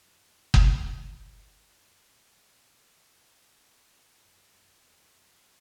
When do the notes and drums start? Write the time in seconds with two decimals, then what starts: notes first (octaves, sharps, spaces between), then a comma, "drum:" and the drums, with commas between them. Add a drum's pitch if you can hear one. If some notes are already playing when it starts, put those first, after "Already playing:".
Already playing: F#2
0.54 drum: kick F#1
1.69 E2
1.80 F#2
2.10 A2
4.18 A2
4.23 F#2
4.53 F#2
4.84 E2
5.14 F#2